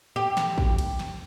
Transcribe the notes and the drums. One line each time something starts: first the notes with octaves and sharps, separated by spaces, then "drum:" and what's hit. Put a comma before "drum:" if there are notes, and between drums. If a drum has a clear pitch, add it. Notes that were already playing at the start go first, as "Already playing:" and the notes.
G4
drum: snare
drum: kick
drum: cymbal
drum: snare